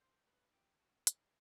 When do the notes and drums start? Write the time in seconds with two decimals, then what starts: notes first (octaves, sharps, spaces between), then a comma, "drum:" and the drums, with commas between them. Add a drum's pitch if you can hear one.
0.01 C5
0.27 B4
0.53 G4
0.80 F#4
1.07 E4, drum: hi-hat